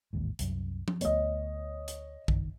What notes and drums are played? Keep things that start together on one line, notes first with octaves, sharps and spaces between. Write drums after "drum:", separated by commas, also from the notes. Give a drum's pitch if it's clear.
A1 D#2 G#2
C2 F#2, drum: hi-hat
drum: tom F3
D2 A3 B3 C#5 D#5, drum: hi-hat
drum: hi-hat
F#1 D#3, drum: kick A#1